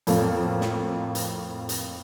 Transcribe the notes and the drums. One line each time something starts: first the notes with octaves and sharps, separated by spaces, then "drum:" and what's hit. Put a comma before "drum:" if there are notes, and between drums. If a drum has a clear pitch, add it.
F2 A2 F3 A3 A#3, drum: hi-hat
drum: snare
drum: hi-hat
drum: hi-hat